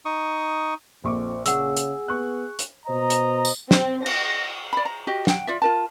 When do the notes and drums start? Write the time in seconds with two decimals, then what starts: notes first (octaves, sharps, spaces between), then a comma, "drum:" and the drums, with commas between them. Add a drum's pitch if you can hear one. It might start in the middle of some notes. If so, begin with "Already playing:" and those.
0.05 D#4 C#6 D#6
1.04 A#1 F2 C5 C#6 D6
1.46 C#3 G#4 F#5 E6, drum: hi-hat
1.76 drum: hi-hat
2.08 B3 C#6 F#6
2.59 drum: hi-hat
2.86 B2 C5 D#5 A#5
3.10 drum: hi-hat
3.45 drum: tambourine
3.71 C4, drum: snare
4.06 A#6, drum: cymbal
4.73 D5 B5
4.85 A#5
5.07 F#4 G4 D#5
5.27 F#5 G5, drum: snare
5.47 F4 D5 E5
5.62 F4 A#4 A5